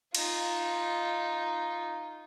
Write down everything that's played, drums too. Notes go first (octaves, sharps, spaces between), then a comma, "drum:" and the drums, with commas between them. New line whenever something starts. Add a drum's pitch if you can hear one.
D#4 F4, drum: cymbal